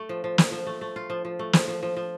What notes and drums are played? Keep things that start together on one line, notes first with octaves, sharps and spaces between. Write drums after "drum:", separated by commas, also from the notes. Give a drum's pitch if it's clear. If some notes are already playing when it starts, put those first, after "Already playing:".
Already playing: A3
F3
F3
F3, drum: snare
F3
A3
A3
F4
F3
F3
A3
F3, drum: snare
F3
F3
F3